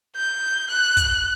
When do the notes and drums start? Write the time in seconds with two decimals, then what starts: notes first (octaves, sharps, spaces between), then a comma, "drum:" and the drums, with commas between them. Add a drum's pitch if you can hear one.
0.16 G6
0.70 F#6
0.97 drum: kick, hi-hat